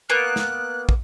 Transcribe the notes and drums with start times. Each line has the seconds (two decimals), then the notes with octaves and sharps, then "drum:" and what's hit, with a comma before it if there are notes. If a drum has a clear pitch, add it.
0.10 A#3 B3 F#6
0.36 drum: snare
0.89 drum: kick